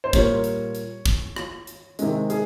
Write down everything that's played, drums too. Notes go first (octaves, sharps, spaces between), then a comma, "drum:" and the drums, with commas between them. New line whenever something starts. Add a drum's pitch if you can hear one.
C5
A#2 G3 A#3 C#5, drum: kick, hi-hat
drum: hi-hat
drum: hi-hat
drum: kick, hi-hat
drum: rim click
drum: hi-hat
C3 D#3 G#3, drum: hi-hat
G#4, drum: hi-hat